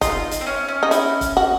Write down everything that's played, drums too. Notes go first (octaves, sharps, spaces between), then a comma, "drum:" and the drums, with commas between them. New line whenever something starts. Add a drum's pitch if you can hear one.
D#4 F4, drum: kick, hi-hat
drum: hi-hat
C4
C#4
C#4
D#4
E4, drum: hi-hat
drum: kick, hi-hat
F#4